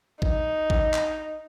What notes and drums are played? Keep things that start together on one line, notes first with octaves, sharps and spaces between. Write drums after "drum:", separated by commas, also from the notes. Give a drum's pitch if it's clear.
D#4, drum: kick A1
drum: kick A1
drum: clap